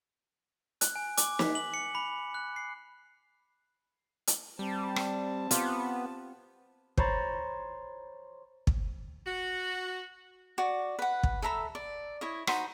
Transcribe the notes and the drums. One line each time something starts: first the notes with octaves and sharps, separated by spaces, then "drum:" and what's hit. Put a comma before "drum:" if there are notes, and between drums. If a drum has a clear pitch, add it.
F#6, drum: hi-hat
G#5
D6, drum: hi-hat
B6, drum: snare
F#7
C#7
B5
F#6
C7
drum: hi-hat
G3 C4 A5
drum: rim click
B3 F4 G4, drum: hi-hat
C5 C#5 A#5 B5 A6, drum: kick
drum: kick
F#4
F#4 D5
B4 F#5
drum: kick
A4 E5 A#5 B5
D5
E4 C#5 D#5
D#4 F#4 C5 B5, drum: rim click